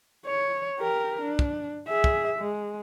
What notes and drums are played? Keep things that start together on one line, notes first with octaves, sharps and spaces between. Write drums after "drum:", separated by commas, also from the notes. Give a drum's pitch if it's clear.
C#5
G4 A#4
D4
drum: kick
G#4 E5
drum: kick
G#3